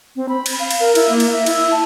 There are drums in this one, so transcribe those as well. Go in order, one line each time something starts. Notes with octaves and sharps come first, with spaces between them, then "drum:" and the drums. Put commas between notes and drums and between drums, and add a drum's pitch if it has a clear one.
C4
B5
drum: cymbal
F5
drum: cymbal
A#4
E4, drum: cymbal
A#3
drum: cymbal
E5
E4, drum: cymbal
A5